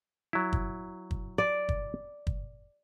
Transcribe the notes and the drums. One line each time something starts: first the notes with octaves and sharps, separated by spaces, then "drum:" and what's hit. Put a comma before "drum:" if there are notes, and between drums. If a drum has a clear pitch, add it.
F#3 E4
drum: kick
drum: kick
D5
drum: kick
drum: kick